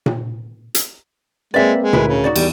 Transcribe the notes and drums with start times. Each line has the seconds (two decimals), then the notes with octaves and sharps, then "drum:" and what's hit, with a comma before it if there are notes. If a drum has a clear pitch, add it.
0.06 drum: tom A#2
0.75 drum: hi-hat
1.54 G#3 A#3 C4 B4 D5 E5
1.79 G#3
1.93 D2 E4 A#4 B4, drum: tom A#2
2.08 C#3
2.24 D#4 F#4 D5
2.36 E2 G3, drum: cymbal